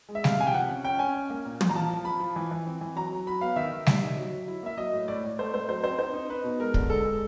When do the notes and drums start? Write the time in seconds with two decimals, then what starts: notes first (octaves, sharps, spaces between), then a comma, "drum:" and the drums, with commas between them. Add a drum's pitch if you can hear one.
0.09 G#3
0.15 E5
0.24 C3 F5, drum: snare G3
0.39 C3 G#5
0.47 G5
0.54 F3 F#5
0.69 C#4
0.85 C#4 G5
0.99 C#4 G#5
1.14 C#4
1.30 A#3
1.45 A#2
1.61 A#2, drum: tom
1.69 A#5
1.76 F3 A5
1.90 F3
2.05 F3 B5
2.20 F3
2.36 E3
2.51 E3
2.66 C4
2.81 E3
2.96 F#3 A#5
3.12 F#3
3.27 F#3 B5
3.41 B3 F5
3.56 D#3 E5
3.73 D#3
3.86 G3 E5, drum: snare G3
4.02 D#4
4.17 F#3
4.32 F#3
4.47 E4
4.63 A#3 E5
4.77 F#3 D#5
4.93 A2
5.08 A2 D5
5.24 A2
5.39 A3 C5
5.54 A3 C5
5.69 F#3 C5
5.84 C4 C5
5.99 D#4 C5
6.14 D#4
6.30 D#4 B4
6.44 B2
6.59 G#3 A#4
6.74 D3, drum: kick
6.89 G#3 A4
7.05 G#3